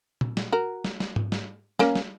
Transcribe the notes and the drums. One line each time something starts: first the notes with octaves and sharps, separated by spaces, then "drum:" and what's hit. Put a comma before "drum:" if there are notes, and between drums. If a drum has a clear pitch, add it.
drum: tom A#2
drum: snare
F#4 A#4
drum: snare
drum: snare
drum: tom G#2
drum: snare
A#3 C#4, drum: snare
drum: snare